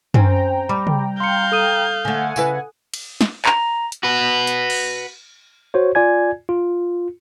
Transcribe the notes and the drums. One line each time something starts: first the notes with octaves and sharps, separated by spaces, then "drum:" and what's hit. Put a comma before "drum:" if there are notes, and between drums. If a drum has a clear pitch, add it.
C4 C#4 G5 G#5 A#5, drum: tom F#2
G3 B5 D6
drum: tom
F5 C6 G6 C#7
A4 D#6 D#7
D3 A3 F#5 G#5
C#3 E4 B4, drum: tambourine
drum: cymbal
drum: snare
A#5, drum: clap
drum: hi-hat
F#4 B4
drum: hi-hat
drum: cymbal
F#4 C5 C#5
F4 D5 G#5 G#6
F4